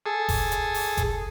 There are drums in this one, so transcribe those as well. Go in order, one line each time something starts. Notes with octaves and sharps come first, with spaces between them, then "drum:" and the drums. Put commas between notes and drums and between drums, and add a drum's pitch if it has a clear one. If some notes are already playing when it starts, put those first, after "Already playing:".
G#4 A4
drum: kick F#1, open hi-hat
drum: hi-hat
drum: open hi-hat
drum: kick F#1, hi-hat